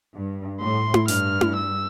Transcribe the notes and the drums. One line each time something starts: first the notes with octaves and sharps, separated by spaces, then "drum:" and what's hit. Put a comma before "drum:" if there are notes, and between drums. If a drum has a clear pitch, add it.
G2
A2 C6
drum: tom E4
G2 F6, drum: hi-hat
drum: tom E4
E6